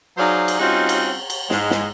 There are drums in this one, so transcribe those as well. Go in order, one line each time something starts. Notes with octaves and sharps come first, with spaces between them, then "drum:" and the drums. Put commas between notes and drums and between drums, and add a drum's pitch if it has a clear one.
F#3 D#4 G#4 C5 D5 F5
drum: cymbal
G3 C4 C#4 D#4 F4 F#4
drum: cymbal
drum: cymbal
G#2 G#3, drum: snare
drum: snare